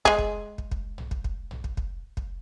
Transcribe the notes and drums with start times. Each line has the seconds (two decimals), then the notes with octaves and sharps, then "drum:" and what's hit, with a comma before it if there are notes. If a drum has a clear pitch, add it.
0.05 G#3 G#4, drum: kick
0.19 drum: kick
0.58 drum: kick
0.71 drum: kick
0.98 drum: tom
1.11 drum: kick
1.24 drum: kick
1.51 drum: tom
1.64 drum: kick
1.77 drum: kick
2.17 drum: kick